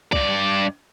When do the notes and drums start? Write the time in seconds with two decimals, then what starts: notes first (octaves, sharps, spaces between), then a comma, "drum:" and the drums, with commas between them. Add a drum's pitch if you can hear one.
0.12 G2 D5, drum: kick C2